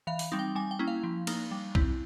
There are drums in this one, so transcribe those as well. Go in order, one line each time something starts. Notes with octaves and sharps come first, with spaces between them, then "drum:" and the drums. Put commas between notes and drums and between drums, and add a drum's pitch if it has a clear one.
E3 F5
drum: open hi-hat
G3 C4 D#4
G5
G3 G#5
G5
A#3 C#4 E4
F5
F3
A#3 D#4, drum: cymbal
G3
C4 E4, drum: kick B1